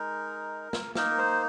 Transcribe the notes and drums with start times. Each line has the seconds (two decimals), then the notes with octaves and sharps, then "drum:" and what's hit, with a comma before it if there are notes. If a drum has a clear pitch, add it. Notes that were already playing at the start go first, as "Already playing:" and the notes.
Already playing: G#3 D#4 A#4
0.73 drum: snare
0.95 A#3 D#4 A#4, drum: snare
1.18 C5